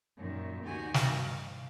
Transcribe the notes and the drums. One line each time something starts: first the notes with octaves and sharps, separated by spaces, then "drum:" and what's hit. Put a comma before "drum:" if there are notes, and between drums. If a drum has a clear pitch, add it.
F#2 A#2 D#3
D2 D#3 F#4 G4 G#5
drum: snare
G2 F5